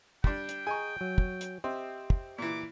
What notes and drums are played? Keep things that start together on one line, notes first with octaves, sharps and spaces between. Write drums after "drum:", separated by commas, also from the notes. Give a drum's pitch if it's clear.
G3 D4 G5, drum: kick
drum: hi-hat
G#4 D#5 G#5 A#5 C#6
F#3
drum: kick
drum: hi-hat
C4 G4 D#5 E5
drum: kick
A#2 E3 D6